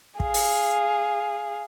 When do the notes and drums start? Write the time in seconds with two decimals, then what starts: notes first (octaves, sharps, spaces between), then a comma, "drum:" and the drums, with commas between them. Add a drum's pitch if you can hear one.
0.20 G#4 F5, drum: kick
0.34 drum: open hi-hat